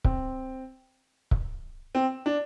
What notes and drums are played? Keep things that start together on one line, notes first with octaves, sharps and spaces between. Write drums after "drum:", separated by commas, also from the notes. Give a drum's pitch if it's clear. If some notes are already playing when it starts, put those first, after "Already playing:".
C4, drum: kick C#1
drum: kick C#1
C4
D4